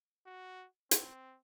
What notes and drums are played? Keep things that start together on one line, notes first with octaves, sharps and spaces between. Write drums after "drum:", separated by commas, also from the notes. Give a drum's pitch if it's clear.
F#4
C4, drum: hi-hat